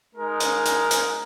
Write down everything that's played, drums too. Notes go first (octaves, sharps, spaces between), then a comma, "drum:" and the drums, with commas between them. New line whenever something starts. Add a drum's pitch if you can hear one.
G#3 D#4 A#4
drum: hi-hat
drum: hi-hat
drum: hi-hat